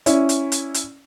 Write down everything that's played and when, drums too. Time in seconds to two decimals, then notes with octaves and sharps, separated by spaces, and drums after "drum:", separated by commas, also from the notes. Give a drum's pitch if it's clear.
0.06 C#4 E4 D5, drum: hi-hat
0.29 drum: hi-hat
0.52 drum: hi-hat
0.74 drum: hi-hat